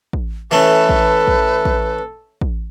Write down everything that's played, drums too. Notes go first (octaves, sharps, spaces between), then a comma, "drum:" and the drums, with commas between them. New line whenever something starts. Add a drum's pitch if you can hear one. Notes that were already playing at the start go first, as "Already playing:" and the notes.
drum: kick
E3 A3 C#4 A4 B4
drum: kick
drum: kick
drum: kick
drum: kick